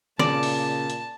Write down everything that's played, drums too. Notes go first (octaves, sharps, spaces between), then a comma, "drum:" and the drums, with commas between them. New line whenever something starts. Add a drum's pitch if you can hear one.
A#2 C#3 D5 A5 A#6, drum: snare
drum: open hi-hat
drum: hi-hat